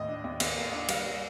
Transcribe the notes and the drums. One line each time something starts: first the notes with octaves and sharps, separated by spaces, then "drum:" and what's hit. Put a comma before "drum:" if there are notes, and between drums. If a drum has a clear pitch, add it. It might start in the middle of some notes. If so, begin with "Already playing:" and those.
Already playing: D#2 A2 D#5
D4
D#2
D#2, drum: cymbal
A#3
D4
G3 F5, drum: cymbal
G3